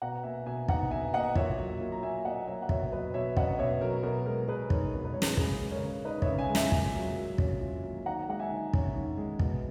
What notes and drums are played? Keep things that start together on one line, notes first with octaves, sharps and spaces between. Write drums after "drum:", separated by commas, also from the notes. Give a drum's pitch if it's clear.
B2 F#5 A#5
A#3 E5 G#5
B2 E5 G#5
D#4 F#5 A#5, drum: kick
B2 E5 G#5
A#3 D#5 F#5
A#2 C#5 E5, drum: kick
F#3
A#2
A#5
A#3 E5 G#5
A#2 D#5 F#5
F#3 C#5 E5
F#5
B2 C#5 E5, drum: kick
F#3 B4 D#5
B2 C#5 E5
C#4 D#5 F#5, drum: kick
B2 C#5 E5
F#3 A#4
B2 A#4
G#3 A#4
B2 G#4 B4
D#4 A#4 C#5, drum: kick
B2
B4
G#3 C#5
G#4 B4, drum: snare
C#3 G#4 B4, drum: kick
G#3
A#4 C#5
C#3
D#4 B4 D#5
C#5 E5, drum: kick
C#3
E5 G#5
G#3
E5 G#5, drum: snare
A#2, drum: kick
F#3
A#2
C#4, drum: kick
A#2
F#3
D#3 F#5 A#5
G#3 F#5
E5 G#5
D#3
C#4, drum: kick
D#3
G#3
B2, drum: kick